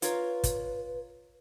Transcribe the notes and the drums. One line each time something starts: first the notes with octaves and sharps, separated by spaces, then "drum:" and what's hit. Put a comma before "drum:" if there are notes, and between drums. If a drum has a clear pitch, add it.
F4 A#4 B4 C#5, drum: hi-hat
drum: kick, hi-hat